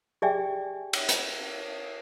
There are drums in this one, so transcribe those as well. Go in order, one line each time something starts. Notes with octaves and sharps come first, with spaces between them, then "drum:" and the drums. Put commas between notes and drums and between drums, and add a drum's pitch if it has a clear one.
G4 G#4 D5 E5 G5 G#5
drum: cymbal
drum: hi-hat